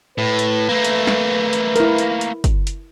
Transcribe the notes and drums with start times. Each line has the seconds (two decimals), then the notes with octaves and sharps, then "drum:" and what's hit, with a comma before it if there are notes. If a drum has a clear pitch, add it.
0.18 A2 B4
0.39 drum: hi-hat
0.69 A3 A#3
0.84 drum: hi-hat
1.07 drum: snare
1.53 drum: hi-hat
1.76 E4 A#4, drum: hi-hat
1.98 drum: hi-hat
2.21 drum: hi-hat
2.44 drum: kick, hi-hat
2.67 drum: hi-hat